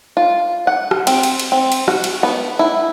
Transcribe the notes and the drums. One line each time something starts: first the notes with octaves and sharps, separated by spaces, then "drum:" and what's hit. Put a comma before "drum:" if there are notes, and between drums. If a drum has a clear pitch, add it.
F4
F#5
drum: rim click
C4, drum: cymbal
drum: cymbal
drum: cymbal
C4
drum: cymbal
F#4, drum: rim click
drum: cymbal
B3
E4